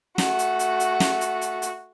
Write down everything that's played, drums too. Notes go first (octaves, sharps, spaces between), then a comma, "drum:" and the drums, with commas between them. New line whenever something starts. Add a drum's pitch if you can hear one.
A3 F#4, drum: snare
drum: hi-hat
drum: hi-hat
drum: hi-hat
drum: snare
drum: hi-hat
drum: hi-hat
drum: hi-hat